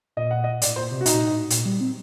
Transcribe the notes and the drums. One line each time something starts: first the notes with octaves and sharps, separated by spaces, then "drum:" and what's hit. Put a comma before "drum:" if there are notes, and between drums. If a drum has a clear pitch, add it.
A#2 D#5
F#5
D#5
A2 D5, drum: hi-hat
A#2 C5
C3
F#4
A#2 D#4, drum: hi-hat
A2
A#2, drum: hi-hat
G3
C4